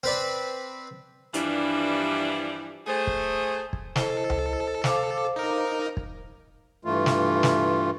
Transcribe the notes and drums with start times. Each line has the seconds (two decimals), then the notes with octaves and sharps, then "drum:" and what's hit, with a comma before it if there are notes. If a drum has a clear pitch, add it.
0.03 C4 B4 D5
1.34 G2 E3 F3 G3 D4 E4, drum: hi-hat
2.87 A3 G#4 C5
3.07 drum: kick
3.73 drum: kick
3.96 E4 A4 C5 D#5, drum: snare
4.30 drum: tom C#2
4.84 C5 F5 D6, drum: snare
5.36 D#4 A#4
5.97 drum: kick
6.85 G2 E3 A3 F4
7.06 drum: snare
7.43 drum: snare